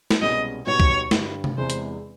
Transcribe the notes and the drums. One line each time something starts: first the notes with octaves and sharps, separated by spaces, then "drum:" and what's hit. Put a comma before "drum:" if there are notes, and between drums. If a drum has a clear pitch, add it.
drum: snare
C2 B2 G#3 C#4 D#5
B2 G3 B3 D#4 F#4 C#5
drum: kick
G2 D3 G3, drum: snare
drum: tom C3
E1 E2 C3 E3 G#3 C5
drum: hi-hat